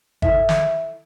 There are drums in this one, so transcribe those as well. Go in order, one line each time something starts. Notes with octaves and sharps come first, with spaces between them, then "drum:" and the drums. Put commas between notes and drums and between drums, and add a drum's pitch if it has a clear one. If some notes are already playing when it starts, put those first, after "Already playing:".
E4 A4 E5, drum: kick
drum: snare